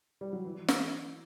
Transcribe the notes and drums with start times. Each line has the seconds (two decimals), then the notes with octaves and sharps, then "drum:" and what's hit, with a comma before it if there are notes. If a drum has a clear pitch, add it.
0.21 G3
0.33 F#3
0.44 E3
0.68 drum: snare